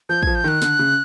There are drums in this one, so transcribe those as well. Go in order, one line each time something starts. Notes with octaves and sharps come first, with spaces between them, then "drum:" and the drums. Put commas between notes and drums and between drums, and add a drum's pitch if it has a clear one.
F3 G6
F3 G#6, drum: kick
G6
D#3 F#6
D3, drum: snare
C#3